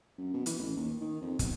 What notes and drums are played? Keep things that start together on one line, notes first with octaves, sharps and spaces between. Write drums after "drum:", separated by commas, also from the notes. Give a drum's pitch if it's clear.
F#2
B2
E3, drum: hi-hat
A1
D#2
D#3
F2
B1, drum: kick, hi-hat